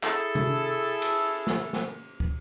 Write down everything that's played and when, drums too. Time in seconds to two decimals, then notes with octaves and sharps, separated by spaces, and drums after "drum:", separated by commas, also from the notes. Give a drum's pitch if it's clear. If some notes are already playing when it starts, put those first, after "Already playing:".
0.03 E4 G#4 A4, drum: clap
0.35 drum: tom C3
1.02 drum: cymbal
1.47 drum: snare
1.73 drum: snare
2.20 drum: kick